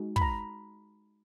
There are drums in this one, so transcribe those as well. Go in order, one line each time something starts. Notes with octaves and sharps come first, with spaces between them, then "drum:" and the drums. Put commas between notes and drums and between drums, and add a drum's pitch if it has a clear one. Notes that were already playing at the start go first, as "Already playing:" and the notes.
Already playing: G#3 D#4 F#4
B5, drum: kick
A#5